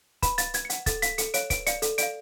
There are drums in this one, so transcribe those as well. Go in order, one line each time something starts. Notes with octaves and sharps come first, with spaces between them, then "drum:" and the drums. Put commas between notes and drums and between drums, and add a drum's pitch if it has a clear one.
B4 B5, drum: kick C#1, hi-hat
F5 A6, drum: hi-hat
B4 G#6, drum: hi-hat
C#7
F#5, drum: hi-hat
A4 A6, drum: kick C#1, hi-hat
F5 B6, drum: hi-hat
A4 C#7, drum: hi-hat
C#5 F5 D7, drum: hi-hat
B4 D7, drum: kick C#1, hi-hat
D5 F5 C#7, drum: hi-hat
A4, drum: hi-hat
D5 F5 D7, drum: hi-hat